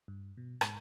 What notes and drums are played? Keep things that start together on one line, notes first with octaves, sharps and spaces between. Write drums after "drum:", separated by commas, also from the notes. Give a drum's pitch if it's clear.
G2
B2
G#2, drum: rim click